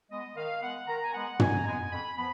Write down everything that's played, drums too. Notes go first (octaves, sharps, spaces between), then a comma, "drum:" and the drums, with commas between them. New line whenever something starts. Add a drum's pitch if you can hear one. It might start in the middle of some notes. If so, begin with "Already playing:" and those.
G#3 B3 D#5
D#3 F5
G#3 B3 F#5
D#3 A#5
G#5
G#3 B3 F#5
D#3 G#5, drum: tom
A#5
G#3 B3 G#5
F2 B5
F3 B3 B5